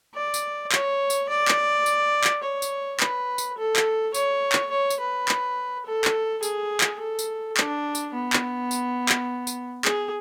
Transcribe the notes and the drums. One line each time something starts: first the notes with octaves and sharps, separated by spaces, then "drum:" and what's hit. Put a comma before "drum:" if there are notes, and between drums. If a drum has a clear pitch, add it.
D5
drum: tambourine
C#5, drum: clap
drum: tambourine
D5
drum: clap
drum: tambourine
drum: clap
C#5
drum: tambourine
B4, drum: clap
drum: tambourine
A4
drum: clap
C#5, drum: tambourine
drum: clap
C#5
drum: tambourine
B4
drum: clap
A4
drum: clap
G#4, drum: tambourine
drum: clap
A4
drum: tambourine
D4, drum: clap
drum: tambourine
B3
drum: clap
drum: tambourine
drum: clap
drum: tambourine
G#4, drum: clap